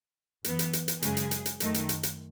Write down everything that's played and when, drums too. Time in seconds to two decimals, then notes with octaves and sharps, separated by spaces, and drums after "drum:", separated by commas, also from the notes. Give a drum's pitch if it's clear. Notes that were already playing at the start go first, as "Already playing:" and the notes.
0.44 F#2 E3 B3, drum: hi-hat
0.59 drum: hi-hat
0.73 drum: hi-hat
0.88 drum: hi-hat
1.02 F#2 C#3 G#3 G#4, drum: hi-hat
1.17 drum: hi-hat
1.31 drum: hi-hat
1.46 drum: hi-hat
1.60 F#2 D#3 A3, drum: hi-hat
1.74 drum: hi-hat
1.89 drum: hi-hat
2.03 drum: hi-hat